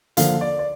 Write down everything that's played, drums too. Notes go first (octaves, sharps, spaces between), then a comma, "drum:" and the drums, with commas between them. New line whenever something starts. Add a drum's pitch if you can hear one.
D3 F3 A#3 F5, drum: hi-hat
D5
D5